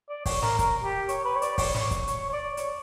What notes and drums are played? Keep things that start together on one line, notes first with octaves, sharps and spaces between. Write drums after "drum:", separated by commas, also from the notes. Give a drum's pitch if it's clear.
D5
C#5, drum: kick, open hi-hat
A#4, drum: snare
A#4, drum: kick, hi-hat
G4
C#5, drum: hi-hat
B4
C#5
D5, drum: hi-hat
C#5, drum: kick, open hi-hat
drum: snare
drum: kick, hi-hat
C#5, drum: hi-hat
C#5
D5
C#5, drum: hi-hat